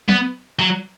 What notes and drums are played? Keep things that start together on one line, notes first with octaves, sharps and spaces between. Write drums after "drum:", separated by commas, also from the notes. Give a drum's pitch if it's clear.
B3, drum: tom F#3
F#3